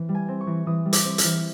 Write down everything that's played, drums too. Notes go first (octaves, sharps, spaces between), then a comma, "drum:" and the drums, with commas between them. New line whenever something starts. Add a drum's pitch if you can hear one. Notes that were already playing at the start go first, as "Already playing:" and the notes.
Already playing: E3 C4
G3
G#5
C4
C#6
E3
E3 D#6
G3
D6, drum: hi-hat
C4
F6, drum: hi-hat
E3